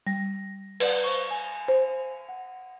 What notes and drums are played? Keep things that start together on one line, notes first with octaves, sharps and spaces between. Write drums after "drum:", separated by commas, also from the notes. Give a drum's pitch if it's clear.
G3 A#6
B4 D5 F#5, drum: cymbal
C5 C#6
G#5
C5
F#5